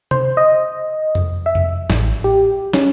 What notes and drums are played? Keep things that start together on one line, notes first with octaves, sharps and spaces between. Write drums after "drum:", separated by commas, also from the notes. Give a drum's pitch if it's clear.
C5, drum: tom C3
D#5
drum: tom F2
E5
drum: tom F2
A1, drum: snare
G4
C#4, drum: snare